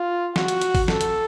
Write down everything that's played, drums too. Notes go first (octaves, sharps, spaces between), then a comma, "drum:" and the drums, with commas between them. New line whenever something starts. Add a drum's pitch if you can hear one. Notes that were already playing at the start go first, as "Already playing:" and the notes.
Already playing: F4
F#4, drum: snare
drum: hi-hat
drum: hi-hat
drum: kick, open hi-hat
A4, drum: snare
drum: hi-hat